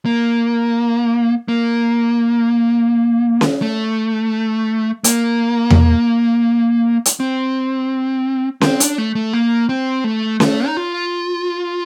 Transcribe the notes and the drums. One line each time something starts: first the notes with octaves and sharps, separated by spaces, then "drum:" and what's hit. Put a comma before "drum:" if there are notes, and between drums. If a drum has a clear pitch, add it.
A#3
A#3
drum: snare C#4
A3
A#3, drum: hi-hat
drum: tom E2
drum: hi-hat
C4
C4, drum: snare C#4
D4, drum: hi-hat
A3
A3
A#3
C4
A3
A3, drum: snare C#4
D#4
F4